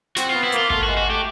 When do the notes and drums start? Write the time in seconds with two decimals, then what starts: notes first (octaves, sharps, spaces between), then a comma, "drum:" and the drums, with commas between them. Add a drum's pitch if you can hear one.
0.16 C4 F#4, drum: snare
0.30 B3 F4
0.43 E4
0.52 A#3 F4, drum: hi-hat
0.70 A3 F4, drum: kick G#1
0.83 G#3 F#4
0.97 F#4
1.06 A3 G4